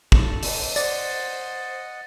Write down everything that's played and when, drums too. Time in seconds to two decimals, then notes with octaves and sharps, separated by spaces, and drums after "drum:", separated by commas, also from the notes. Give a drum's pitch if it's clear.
0.12 A4 A5, drum: kick
0.43 drum: open hi-hat
0.76 C5 D5 D#5 F#5 A6, drum: tambourine